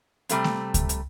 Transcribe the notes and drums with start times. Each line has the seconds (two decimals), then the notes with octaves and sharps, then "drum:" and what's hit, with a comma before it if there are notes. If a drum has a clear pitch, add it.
0.29 C3 G3 A3 C4, drum: hi-hat
0.44 drum: snare A3
0.74 drum: kick C#2, hi-hat
0.89 drum: hi-hat